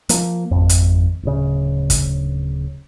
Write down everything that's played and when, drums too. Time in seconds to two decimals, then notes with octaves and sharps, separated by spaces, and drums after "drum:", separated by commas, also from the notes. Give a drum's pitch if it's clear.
0.09 F3 A#3, drum: hi-hat
0.51 G#1 F2
0.69 drum: hi-hat
1.23 D1 C#3
1.90 drum: kick, hi-hat